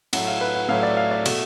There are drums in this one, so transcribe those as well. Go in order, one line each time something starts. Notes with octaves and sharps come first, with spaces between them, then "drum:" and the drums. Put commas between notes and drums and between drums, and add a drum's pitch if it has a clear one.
A2 F#3 A3 F#5, drum: cymbal
F5
B4
F#5
A2 F#3 A3 F5
D5
F5
D5
B2 A3, drum: cymbal